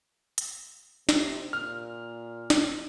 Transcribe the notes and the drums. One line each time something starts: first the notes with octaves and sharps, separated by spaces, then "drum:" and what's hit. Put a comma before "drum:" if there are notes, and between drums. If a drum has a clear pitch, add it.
drum: hi-hat
C3, drum: snare
A#2 F6
drum: snare